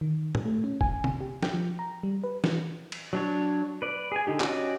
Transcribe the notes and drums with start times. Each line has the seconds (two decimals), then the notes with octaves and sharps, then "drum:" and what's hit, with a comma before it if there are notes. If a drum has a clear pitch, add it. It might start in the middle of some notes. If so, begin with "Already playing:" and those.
0.01 D#3
0.35 drum: tom
0.45 A3
0.64 C#4
0.81 G#5, drum: kick
1.04 C3, drum: tom
1.21 G4
1.43 G5, drum: snare
1.54 F3
1.79 A#5
2.03 G3
2.24 B4
2.44 E3, drum: snare
2.92 drum: cymbal
3.13 F#3 D4 C#5
3.82 B4 D5
4.12 G#4 G#5
4.27 D3 D#4 G4
4.40 C#4 F#4 G4 D5 D#5, drum: clap